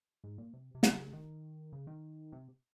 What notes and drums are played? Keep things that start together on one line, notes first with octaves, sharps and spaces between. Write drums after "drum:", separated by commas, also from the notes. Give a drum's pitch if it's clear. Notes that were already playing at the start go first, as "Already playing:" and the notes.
G#2
A#2
C3
C3
C#3, drum: snare
D#3
C#3
D#3
C3